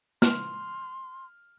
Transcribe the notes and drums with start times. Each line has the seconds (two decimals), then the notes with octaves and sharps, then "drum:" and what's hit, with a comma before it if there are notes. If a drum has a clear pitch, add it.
0.22 C6 F6, drum: snare